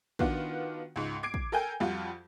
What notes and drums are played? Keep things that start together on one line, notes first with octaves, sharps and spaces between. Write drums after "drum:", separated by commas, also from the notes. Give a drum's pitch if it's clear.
D#3 B3 D4 F4 F#4, drum: kick
C#2 G#2
D6 G#6 C7 D7
drum: kick
A4 A#4 G5 G#5 G6
F2 G3 F4 F#4